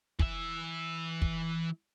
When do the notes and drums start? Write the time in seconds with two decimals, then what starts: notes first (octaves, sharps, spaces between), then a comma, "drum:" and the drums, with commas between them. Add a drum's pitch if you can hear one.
0.19 E3 E5, drum: kick
1.22 drum: kick